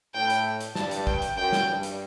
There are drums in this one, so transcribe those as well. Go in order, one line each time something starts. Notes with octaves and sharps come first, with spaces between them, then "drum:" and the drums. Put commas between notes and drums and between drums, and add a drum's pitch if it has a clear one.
A2 G5
drum: hi-hat
drum: hi-hat
G2 A5, drum: snare
drum: hi-hat
G5, drum: kick
drum: hi-hat
F#2 G5
drum: snare
G2
drum: hi-hat